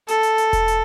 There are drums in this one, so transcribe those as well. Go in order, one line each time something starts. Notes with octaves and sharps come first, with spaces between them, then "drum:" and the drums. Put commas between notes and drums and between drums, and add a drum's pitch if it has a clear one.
A4, drum: hi-hat
drum: hi-hat
drum: hi-hat
drum: kick E1, hi-hat
drum: hi-hat